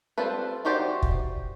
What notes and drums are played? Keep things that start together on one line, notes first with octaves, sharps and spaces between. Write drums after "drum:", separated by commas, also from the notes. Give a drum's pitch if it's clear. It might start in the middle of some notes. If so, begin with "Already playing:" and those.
G3 C4 F4 A4 B4
E3 F#4 G4 C5 D5
drum: kick